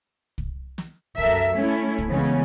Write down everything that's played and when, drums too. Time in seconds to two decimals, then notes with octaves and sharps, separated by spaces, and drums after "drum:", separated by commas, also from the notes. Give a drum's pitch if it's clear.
0.38 drum: kick
0.78 drum: snare
1.18 F#2 A4 A#4 E5, drum: kick
1.55 A3 C#4 E4
1.98 drum: kick
2.08 C#3 E3 G#3 B3 C#4